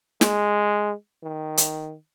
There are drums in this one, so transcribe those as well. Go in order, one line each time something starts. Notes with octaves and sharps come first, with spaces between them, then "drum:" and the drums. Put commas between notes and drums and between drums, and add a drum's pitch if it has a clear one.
G#3, drum: snare
D#3
drum: hi-hat